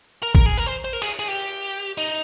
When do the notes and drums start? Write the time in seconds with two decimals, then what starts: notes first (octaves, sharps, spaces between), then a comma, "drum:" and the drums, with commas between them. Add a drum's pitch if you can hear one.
0.23 A#4
0.35 A#4, drum: kick
0.46 G#4
0.58 A#4
0.66 C5
0.85 C5
0.93 A#4
1.02 G#4, drum: cymbal
1.19 G#4
1.28 G4
1.98 D#4